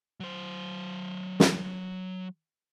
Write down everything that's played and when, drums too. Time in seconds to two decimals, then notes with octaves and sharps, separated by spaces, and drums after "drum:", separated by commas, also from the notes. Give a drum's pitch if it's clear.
0.20 F#3 C5
1.40 drum: snare